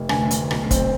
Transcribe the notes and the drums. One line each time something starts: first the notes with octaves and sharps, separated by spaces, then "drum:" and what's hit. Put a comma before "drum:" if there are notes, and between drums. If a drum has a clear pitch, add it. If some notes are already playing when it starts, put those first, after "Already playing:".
Already playing: F1
D2 G#5, drum: rim click
D2, drum: hi-hat
B1, drum: rim click
C4, drum: kick, hi-hat